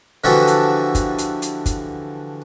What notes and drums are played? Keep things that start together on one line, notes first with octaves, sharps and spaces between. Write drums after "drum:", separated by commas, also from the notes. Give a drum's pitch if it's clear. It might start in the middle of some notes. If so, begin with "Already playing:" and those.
D3 E3 F3 F#4 G4 A4
drum: hi-hat
drum: kick, hi-hat
drum: hi-hat
drum: hi-hat
drum: kick, hi-hat